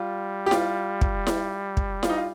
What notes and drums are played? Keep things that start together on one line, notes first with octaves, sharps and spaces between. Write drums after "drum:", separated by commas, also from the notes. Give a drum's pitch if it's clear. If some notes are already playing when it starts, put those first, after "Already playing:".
Already playing: G3 F4
G4
F4, drum: snare E4
drum: kick
drum: snare E4
drum: kick
F4, drum: snare E4
D#4
F4